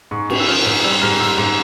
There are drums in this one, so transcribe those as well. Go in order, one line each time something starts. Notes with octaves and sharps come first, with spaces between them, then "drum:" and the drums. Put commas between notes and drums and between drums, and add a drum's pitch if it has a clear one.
G#2 C#6
G#2, drum: cymbal
E6
F3 F6
G#2
G3 E6
G#2 F6
G#2 E6
G#2